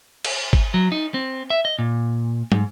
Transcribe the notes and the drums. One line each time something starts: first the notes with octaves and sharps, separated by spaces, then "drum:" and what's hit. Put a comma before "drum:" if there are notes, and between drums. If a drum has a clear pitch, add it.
drum: cymbal
drum: kick
F#3
D#4
C4
E5
D#5
A#2
G#2, drum: tom